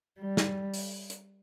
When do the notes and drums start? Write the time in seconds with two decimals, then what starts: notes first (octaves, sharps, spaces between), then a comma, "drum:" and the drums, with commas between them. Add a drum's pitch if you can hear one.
0.19 G3
0.37 drum: snare
0.74 drum: open hi-hat
1.10 drum: hi-hat